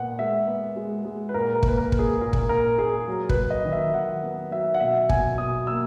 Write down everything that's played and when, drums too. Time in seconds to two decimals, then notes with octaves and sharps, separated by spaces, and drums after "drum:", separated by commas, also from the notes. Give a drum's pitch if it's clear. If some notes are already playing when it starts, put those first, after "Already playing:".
Already playing: A#2 B3 F#5
0.19 G#3 E5
0.48 B3
0.76 G#3
1.05 G#3
1.29 B4
1.34 A#2 A#4
1.55 A#4
1.63 A#3, drum: kick
1.68 B4
1.78 A#4
1.92 A#3, drum: kick
1.99 G#4
2.21 A#2 A#4
2.33 drum: kick
2.49 A#2 A#4
2.78 A#2 G#4
3.08 F#3
3.29 B4, drum: kick
3.37 F#3
3.50 D#5
3.65 D#3
3.72 E5
3.94 D#3 F#5
4.23 B3
4.51 F#3 E5
4.74 F#5
4.80 B2 E5
5.09 B2 G#5, drum: kick
5.38 B2 D#6
5.67 A#3 E6